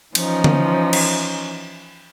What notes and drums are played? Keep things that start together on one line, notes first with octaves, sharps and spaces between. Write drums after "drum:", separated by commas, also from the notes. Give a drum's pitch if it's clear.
E3 F3 C#4 D#4, drum: cymbal
drum: tom D3
drum: cymbal